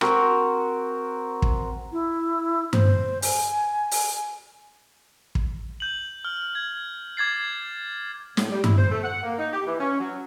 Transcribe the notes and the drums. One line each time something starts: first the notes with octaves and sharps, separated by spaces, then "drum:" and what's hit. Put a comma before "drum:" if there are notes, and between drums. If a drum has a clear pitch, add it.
C4 F#4 A#4, drum: rim click
drum: kick
E4
C5, drum: tom G2
G#5, drum: open hi-hat
drum: open hi-hat
drum: kick
G6 F#7
F6
G#6
D6 G#6 A6 C7
A2, drum: snare
G3
E4, drum: tom G2
C5
A3
F#5
A#3
D#4
G4
E3
C#4
F#3